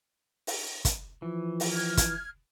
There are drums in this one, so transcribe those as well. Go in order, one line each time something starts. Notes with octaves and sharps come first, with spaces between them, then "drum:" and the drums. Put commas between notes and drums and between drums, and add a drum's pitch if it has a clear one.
drum: open hi-hat
drum: kick, hi-hat
E3 F3
drum: open hi-hat
F6 G#6
drum: kick, hi-hat